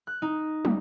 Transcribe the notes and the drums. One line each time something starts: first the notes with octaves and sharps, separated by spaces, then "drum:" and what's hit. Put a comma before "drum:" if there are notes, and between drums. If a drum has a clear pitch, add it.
F#6
D#4
G3, drum: tom